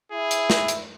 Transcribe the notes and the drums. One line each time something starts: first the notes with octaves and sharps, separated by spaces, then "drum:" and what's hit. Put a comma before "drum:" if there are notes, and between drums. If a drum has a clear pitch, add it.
E4 G#4
drum: hi-hat
drum: snare
drum: hi-hat